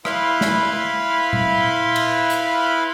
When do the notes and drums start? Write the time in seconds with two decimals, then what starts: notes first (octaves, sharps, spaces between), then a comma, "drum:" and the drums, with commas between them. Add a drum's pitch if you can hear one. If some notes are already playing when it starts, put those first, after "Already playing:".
0.05 E4 B4 F5 B5 C6, drum: rim click
0.41 drum: snare
1.33 drum: tom A#2
1.96 drum: cymbal
2.30 drum: hi-hat